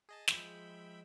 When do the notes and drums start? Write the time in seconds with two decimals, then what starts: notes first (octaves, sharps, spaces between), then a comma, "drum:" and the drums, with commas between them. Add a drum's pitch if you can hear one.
0.09 G#4 D#5 A5
0.28 F3 G#3 E5 G5 B5, drum: snare